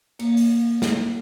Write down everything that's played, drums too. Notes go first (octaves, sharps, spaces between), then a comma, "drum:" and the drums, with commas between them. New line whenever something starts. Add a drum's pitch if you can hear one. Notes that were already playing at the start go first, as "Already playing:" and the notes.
A#3, drum: cymbal
drum: open hi-hat
drum: snare